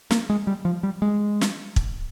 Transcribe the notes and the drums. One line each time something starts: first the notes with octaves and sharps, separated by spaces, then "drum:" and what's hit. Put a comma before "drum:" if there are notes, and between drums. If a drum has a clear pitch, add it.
A#3, drum: snare
G#3
G3
F3
G3
G#3
drum: snare
drum: kick